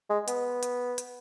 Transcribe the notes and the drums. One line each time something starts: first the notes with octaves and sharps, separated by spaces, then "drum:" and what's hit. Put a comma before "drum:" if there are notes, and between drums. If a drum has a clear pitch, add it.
G#3
B3, drum: hi-hat
drum: hi-hat
drum: hi-hat